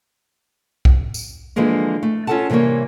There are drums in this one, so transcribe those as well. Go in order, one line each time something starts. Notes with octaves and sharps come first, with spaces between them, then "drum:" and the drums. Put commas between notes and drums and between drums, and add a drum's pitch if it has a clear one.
drum: kick B1
drum: tambourine
D3 E3 F3 G#3 A#3
A3
C#4 F4 G4 A4 F#5 A5
C3 E3 G3 A#3 C#5